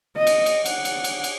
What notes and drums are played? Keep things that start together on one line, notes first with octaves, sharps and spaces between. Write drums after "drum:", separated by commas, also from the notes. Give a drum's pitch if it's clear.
D#5
drum: cymbal
drum: cymbal
F#5, drum: cymbal
drum: cymbal
drum: cymbal
drum: cymbal